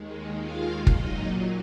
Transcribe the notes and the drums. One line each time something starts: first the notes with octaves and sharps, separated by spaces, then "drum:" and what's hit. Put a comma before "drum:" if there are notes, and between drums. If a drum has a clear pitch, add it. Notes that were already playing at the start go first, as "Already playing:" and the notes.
Already playing: D#2 D#3 G#3
F4 F5
A#2 F#3 D#4 D#5, drum: kick